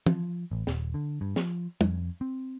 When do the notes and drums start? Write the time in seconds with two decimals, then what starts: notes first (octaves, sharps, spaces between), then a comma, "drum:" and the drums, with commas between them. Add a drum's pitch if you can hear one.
0.06 F3, drum: tom
0.51 A1
0.67 D#1, drum: snare
0.94 D3
1.21 G2
1.36 F3, drum: snare
1.81 F2, drum: tom
2.21 C4